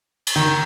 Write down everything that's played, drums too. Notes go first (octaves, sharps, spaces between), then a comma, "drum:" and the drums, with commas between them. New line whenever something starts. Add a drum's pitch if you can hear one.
drum: cymbal
D#3